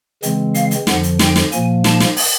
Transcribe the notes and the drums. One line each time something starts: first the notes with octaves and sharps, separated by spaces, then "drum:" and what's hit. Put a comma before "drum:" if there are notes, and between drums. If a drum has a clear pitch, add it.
C#3 E3 G#3 C4, drum: hi-hat
F5, drum: hi-hat
drum: hi-hat
F2 D3 F3 F#5, drum: snare
drum: hi-hat
G5, drum: snare
drum: snare
A#2 F3 A#3 G#5, drum: hi-hat
A5, drum: snare
drum: snare
drum: open hi-hat